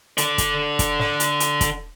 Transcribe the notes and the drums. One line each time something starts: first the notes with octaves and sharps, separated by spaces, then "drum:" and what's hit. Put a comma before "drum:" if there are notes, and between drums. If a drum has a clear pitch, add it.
D3 D5, drum: hi-hat
drum: kick, hi-hat
drum: kick, hi-hat
drum: snare
drum: hi-hat
drum: hi-hat
drum: kick, hi-hat